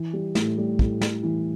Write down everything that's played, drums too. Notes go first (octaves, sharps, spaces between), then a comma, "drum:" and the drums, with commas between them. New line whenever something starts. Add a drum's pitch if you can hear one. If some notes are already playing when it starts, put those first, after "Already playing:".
Already playing: E3
G3
A2, drum: snare
G3
A2, drum: kick
A2, drum: snare
E3